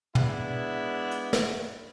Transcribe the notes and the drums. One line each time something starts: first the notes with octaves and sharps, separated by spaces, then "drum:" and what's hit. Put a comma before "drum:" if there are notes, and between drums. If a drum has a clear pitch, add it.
G#3 B3 D4 E4, drum: tom
drum: hi-hat
drum: snare